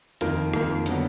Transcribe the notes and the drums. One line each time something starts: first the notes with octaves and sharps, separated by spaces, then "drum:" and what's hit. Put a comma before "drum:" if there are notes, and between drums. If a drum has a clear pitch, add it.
F2 D#3 A#3 F4 A#4, drum: hi-hat
F2 D#3 A#3 F4 A#4, drum: rim click
D3 F#3 B3, drum: hi-hat